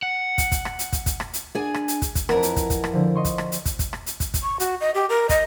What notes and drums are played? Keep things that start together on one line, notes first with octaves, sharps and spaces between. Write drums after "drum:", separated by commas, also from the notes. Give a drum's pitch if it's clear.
F#5
drum: kick, hi-hat
drum: kick, hi-hat
drum: rim click
drum: hi-hat
drum: kick, hi-hat
drum: kick, hi-hat
drum: rim click
drum: hi-hat
D4 G#4 G#5
drum: rim click
drum: hi-hat
drum: kick, hi-hat
drum: kick, hi-hat
F2 E3 A#4 F#5 A5, drum: rim click
drum: hi-hat
drum: kick, hi-hat
drum: kick, hi-hat
drum: rim click
D3 F3
D#5 C6 C#6
drum: kick, hi-hat
drum: rim click
drum: hi-hat
drum: kick, hi-hat
drum: kick, hi-hat
drum: rim click
drum: hi-hat
drum: kick, hi-hat
drum: kick, hi-hat
C#6
F#4, drum: hi-hat
D#5
G4
A#4
D#5, drum: kick, hi-hat